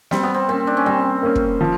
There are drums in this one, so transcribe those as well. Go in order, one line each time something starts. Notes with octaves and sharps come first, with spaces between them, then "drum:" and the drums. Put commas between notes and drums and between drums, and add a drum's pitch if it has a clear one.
G3 C4, drum: snare
B3
C4
A#3 C4 C#4
D4
C#4
G3 C4
A#3 C#4
drum: kick
F3